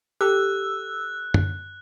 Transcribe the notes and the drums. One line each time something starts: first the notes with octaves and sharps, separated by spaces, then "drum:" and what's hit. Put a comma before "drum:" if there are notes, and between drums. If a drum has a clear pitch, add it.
G4 A4 E6 F#6
drum: tom F#2